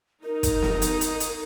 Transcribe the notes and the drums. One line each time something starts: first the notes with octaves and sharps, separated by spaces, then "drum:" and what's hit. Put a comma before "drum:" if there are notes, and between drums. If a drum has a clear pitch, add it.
D#4 A#4
drum: kick, hi-hat
drum: snare
drum: hi-hat
drum: hi-hat
drum: hi-hat